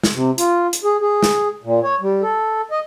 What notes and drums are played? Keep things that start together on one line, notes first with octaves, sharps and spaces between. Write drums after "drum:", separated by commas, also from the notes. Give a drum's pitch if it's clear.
drum: snare
C3
F4, drum: hi-hat
drum: hi-hat
G#4
G#4
drum: snare
A#2
C#5
G3
A4
D#5